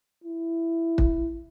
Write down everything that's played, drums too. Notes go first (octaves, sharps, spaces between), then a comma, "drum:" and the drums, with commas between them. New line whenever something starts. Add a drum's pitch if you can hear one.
E4
drum: kick